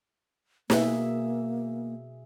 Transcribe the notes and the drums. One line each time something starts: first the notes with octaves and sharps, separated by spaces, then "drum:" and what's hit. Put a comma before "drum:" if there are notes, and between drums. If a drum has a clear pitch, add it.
B2 A#3 G#4 E5, drum: snare